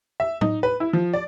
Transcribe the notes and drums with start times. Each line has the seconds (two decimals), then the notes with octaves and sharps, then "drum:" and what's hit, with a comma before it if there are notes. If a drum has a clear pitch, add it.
0.20 E5
0.41 D#4, drum: tom A2
0.63 B4
0.80 E4
0.93 F3
1.13 D5